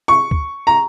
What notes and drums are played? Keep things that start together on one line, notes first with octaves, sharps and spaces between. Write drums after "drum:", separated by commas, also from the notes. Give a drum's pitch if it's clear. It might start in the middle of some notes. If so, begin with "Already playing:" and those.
C#6
drum: kick
A#5